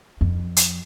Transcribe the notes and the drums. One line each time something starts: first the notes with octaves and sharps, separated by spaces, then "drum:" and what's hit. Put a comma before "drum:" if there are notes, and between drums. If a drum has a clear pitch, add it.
F2
drum: hi-hat